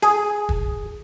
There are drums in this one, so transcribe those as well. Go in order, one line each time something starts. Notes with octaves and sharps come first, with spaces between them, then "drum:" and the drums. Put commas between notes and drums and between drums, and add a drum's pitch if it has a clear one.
G#4, drum: hi-hat
drum: kick